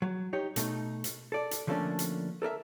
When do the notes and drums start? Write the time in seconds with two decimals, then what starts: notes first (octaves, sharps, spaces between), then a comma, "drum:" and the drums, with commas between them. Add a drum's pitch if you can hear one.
0.02 F#3
0.33 D#4 G4 C#5
0.56 B2 A3 D#4, drum: hi-hat
1.04 drum: hi-hat
1.32 A4 D5
1.51 drum: hi-hat
1.67 D3 F3 A3 A#3 C#4 D4
1.99 drum: hi-hat
2.42 A4 A#4 D5 E5